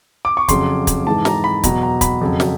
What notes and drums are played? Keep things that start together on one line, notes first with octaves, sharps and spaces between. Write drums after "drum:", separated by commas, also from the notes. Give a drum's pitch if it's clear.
D6
C#6
F2 C#3 F#3 C6, drum: kick, hi-hat
drum: kick, hi-hat
G#2 E3 G#3 A5
A#5, drum: snare
B5
E2 B2 F#3 A#5, drum: kick, hi-hat
A#5
B5, drum: kick, hi-hat
F2 C#3 F#3
drum: snare